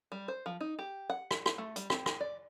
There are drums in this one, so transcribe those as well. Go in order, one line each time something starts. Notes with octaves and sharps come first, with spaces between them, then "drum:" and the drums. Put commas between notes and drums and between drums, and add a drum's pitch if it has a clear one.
G3
C5
F3
D#4
G4
F#5
drum: rim click
drum: rim click
A3
G3, drum: hi-hat
C4, drum: rim click
drum: rim click
D5